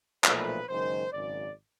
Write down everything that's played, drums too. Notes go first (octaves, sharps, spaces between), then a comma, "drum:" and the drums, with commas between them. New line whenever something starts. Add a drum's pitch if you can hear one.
B1 A#2 F3 A3 B4, drum: clap
F#1 F#2 D#3 G#3 C5
G#1 F#2 C#3 D5